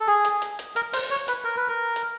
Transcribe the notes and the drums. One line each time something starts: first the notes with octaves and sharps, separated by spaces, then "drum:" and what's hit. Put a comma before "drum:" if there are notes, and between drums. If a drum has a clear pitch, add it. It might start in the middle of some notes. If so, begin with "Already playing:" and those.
A4
G#4
drum: hi-hat
drum: hi-hat
drum: hi-hat
A#4, drum: hi-hat
C5, drum: open hi-hat
C#5
B4, drum: hi-hat
A#4
B4
A#4
drum: hi-hat